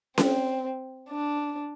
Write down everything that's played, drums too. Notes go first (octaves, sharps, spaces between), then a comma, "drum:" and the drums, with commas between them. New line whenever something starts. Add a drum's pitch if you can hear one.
C4, drum: snare C#4
D4